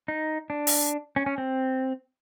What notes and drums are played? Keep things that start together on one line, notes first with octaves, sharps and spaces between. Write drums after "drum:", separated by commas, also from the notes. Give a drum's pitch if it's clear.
D#4
D4
drum: open hi-hat
C#4
C#4
C4